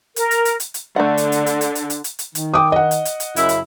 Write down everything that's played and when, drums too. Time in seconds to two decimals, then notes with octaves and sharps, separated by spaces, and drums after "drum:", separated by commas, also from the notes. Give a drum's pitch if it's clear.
0.16 A#4, drum: hi-hat
0.31 drum: hi-hat
0.45 drum: hi-hat
0.60 drum: hi-hat
0.74 drum: hi-hat
0.96 D3 A3 D5 F#5
1.17 drum: hi-hat
1.32 drum: hi-hat
1.46 drum: hi-hat
1.61 drum: hi-hat
1.75 drum: hi-hat
1.90 drum: hi-hat
2.04 drum: hi-hat
2.19 drum: hi-hat
2.35 D#3, drum: hi-hat
2.54 G5 D6 D#6
2.72 D#5 F#5
2.91 drum: hi-hat
3.05 drum: hi-hat
3.20 drum: hi-hat
3.36 F#2 C#3 E4, drum: hi-hat
3.49 drum: hi-hat